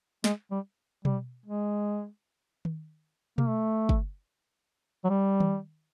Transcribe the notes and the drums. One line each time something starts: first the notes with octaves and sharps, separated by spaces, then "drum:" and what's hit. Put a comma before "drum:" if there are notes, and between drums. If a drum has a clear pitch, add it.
G#3, drum: snare
G3
G3, drum: tom B2
G#3
drum: tom D#3
A#3, drum: tom B2
A3
drum: kick
F#3
G3
drum: tom D#3